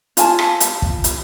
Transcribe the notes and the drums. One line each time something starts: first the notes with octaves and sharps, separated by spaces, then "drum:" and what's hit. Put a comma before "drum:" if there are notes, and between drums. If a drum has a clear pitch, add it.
F4 G#5 A5, drum: hi-hat
drum: rim click
drum: hi-hat
drum: kick
drum: hi-hat